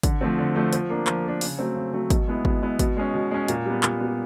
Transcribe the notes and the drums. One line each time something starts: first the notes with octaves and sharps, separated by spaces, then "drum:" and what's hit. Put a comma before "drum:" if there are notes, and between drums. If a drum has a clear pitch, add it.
D3, drum: kick, hi-hat
F3 A3 C4
D3
F3 A3 C4
F3, drum: hi-hat
A#3 D4
F3, drum: clap
A#3 D4
C#3, drum: open hi-hat
F#3 A3 C4
C#3
F#3 A3 C4
B2, drum: kick, hi-hat
G#3 B3 E4
B2, drum: kick
G#3 B3 E4
B2, drum: kick, hi-hat
G#3 C#4
B2
G#3 C#4
A#2, drum: hi-hat
G3 B3
A#2, drum: clap
G3 B3